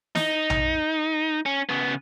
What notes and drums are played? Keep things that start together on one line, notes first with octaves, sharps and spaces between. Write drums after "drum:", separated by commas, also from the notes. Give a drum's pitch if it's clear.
D#4, drum: snare
drum: tom A#1
C#4
C#3 B3